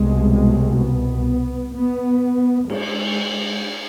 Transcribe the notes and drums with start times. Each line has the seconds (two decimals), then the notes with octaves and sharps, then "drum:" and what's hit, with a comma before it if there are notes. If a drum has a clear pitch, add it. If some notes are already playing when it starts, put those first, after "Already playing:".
Already playing: C2 B2 G#3
0.35 G#3
0.82 B3
1.76 B3
2.70 G#3, drum: cymbal